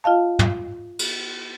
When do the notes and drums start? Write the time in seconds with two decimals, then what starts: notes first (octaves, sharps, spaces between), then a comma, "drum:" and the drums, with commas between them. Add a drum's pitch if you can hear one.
0.04 F4 D#5 F5 A5
0.39 drum: tom
0.99 drum: cymbal